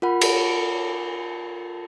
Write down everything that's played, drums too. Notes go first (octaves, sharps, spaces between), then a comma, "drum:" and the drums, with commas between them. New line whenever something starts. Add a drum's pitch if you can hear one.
F4 A#4 F#5 B5
drum: cymbal